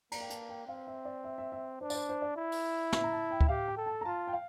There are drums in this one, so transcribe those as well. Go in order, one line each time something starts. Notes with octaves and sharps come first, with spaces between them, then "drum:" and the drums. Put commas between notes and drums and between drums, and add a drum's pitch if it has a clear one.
A#3 A#5, drum: cymbal
G5
A5, drum: hi-hat
G5
C4 F5
E5
D5
E5
E5
E5
D4 C5
D5, drum: tambourine
C5
C5
D5
E4
drum: open hi-hat
E5, drum: snare
A#5
A5
G5
E5, drum: kick D2
G4 F5
G5
A4
A5
A#5
F4 A5
G5
F5